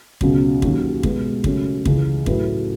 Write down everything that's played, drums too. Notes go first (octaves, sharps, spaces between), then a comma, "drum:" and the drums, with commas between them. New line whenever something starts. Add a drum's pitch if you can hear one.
C#2 B2 F#3 C#4, drum: kick
D#2 D#3 F#3 C#4 F#4, drum: kick
B2 G#3 B3, drum: kick
C#3 F#3 A3 C#4, drum: kick
C#2 C#3 E3, drum: kick
A2 F#3 A3 E4 B4, drum: kick